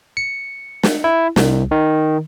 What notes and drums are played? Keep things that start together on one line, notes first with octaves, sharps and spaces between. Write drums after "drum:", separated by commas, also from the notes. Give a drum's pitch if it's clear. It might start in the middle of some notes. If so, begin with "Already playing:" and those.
C#7
drum: snare
E4
C2, drum: snare
D#3